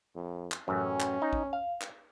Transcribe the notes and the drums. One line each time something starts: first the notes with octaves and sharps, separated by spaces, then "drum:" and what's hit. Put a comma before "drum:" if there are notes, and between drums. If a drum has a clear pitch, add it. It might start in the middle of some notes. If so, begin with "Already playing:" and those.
F2
drum: clap
A1 F#2 C#4
drum: clap
D#4
drum: kick A#1
F5
drum: clap